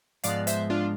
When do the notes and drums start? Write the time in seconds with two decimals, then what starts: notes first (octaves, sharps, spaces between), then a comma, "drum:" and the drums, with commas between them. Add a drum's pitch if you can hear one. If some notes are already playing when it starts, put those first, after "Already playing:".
0.24 G#2 F3 G#3 B3 D5 F5, drum: hi-hat
0.47 C5 E5, drum: hi-hat
0.70 D4 F4